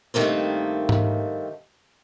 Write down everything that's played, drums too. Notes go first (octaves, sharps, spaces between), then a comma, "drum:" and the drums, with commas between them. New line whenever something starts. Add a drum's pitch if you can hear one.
G2 D#3 A3 A#3 C4
drum: tom G#2